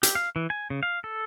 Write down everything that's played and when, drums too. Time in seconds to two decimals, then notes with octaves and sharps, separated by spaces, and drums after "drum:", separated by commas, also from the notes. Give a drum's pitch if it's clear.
0.03 G4, drum: hi-hat
0.15 F5
0.36 E3
0.50 G#5
0.70 C#3
0.83 F5
1.04 A4